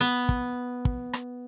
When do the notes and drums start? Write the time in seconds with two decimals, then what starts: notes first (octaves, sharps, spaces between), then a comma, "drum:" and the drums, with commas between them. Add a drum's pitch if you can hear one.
0.01 B3
0.29 drum: kick
0.85 drum: kick
1.13 drum: rim click